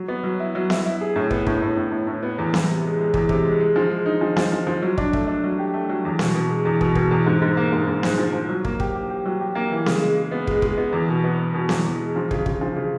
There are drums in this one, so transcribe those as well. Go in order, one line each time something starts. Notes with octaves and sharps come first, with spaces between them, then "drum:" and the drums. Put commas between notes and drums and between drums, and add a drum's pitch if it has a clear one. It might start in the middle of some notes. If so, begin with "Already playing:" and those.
Already playing: F#3
B3
F#3
E4
F#3
E4, drum: snare B3
E4
G#4
A2
B3, drum: kick
A2, drum: kick
A2
A2
A2
A2
B3
E2
E2, drum: snare B3
C3
G#3
G#3
E2, drum: kick
C3, drum: kick
G#3
G#3
F3
G#3
D#4
F3
F3, drum: snare B3
F3
F3
F#3
D4, drum: kick
A3, drum: kick
D4
F#3
G4
A3
F#3
E2
B2, drum: snare B3
B2
G#3
E2
B2, drum: kick
B2, drum: kick
E2
G#2
G#2
A#3
G#2
G#2
G#2, drum: snare B3
F3
F3
F#3
A#3, drum: kick
G4, drum: kick
G4
G4
F#3
G4
A#3
E3
C#3, drum: snare B3
G#3
G#3
B3
G#3, drum: kick
G#3, drum: kick
B3
E2
B2
B3
B3
B2
E2, drum: snare B3
E2
G#3
F3
C#3, drum: kick
C#3, drum: kick
F3
C#3